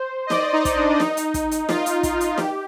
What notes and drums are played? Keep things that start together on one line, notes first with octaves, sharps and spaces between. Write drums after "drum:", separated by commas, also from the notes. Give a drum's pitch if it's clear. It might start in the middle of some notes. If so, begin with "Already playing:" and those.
Already playing: C5
D#5
D5, drum: snare
D#4
drum: kick, hi-hat
D4
D#4, drum: snare
drum: hi-hat
drum: kick, hi-hat
drum: hi-hat
F4, drum: snare
drum: hi-hat
drum: kick, hi-hat
drum: hi-hat
G4, drum: snare